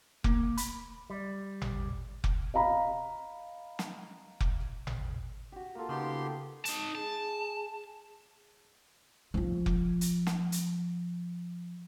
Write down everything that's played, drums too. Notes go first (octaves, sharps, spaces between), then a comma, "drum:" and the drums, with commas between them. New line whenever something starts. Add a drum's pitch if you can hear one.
A#3, drum: kick F1
B5, drum: hi-hat
G3
drum: tom G#1
drum: kick F1
D#5 F5 A#5 B5
drum: snare
drum: kick F1
drum: tom G#1
F#4 G4
A#3 F4 A4
C#3 B3 D#4 G4 C6
D#4 A5, drum: hi-hat
G#4 A5
F3 F4
drum: kick F1
drum: hi-hat
drum: snare
drum: hi-hat